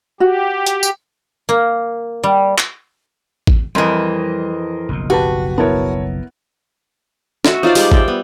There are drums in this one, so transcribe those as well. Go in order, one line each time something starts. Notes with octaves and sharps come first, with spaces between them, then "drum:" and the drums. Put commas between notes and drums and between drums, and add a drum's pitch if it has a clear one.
F#4 G4
drum: hi-hat
drum: tambourine
A#3
G3
drum: clap
drum: kick A1
F2 E3 G3 A#4 D#5 C6
F#1 B1 F3
F#4 G4 B4 A5
B3 E4 A#4 C#5 A5
F#4 E5, drum: snare
D#4 F4 C5 D5
G3 G#3, drum: open hi-hat
D5 E5 G5, drum: kick A1
B3